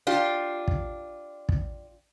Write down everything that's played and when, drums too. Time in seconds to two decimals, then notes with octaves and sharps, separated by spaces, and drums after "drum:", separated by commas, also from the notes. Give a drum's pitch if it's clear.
0.07 D4 F4 G4
0.68 drum: kick
1.49 drum: kick